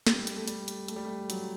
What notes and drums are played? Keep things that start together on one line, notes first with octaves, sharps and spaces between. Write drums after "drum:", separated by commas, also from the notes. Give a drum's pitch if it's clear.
G3, drum: snare
drum: hi-hat
A3
G3, drum: hi-hat
drum: hi-hat
A3, drum: hi-hat
G3
A3
F#3, drum: hi-hat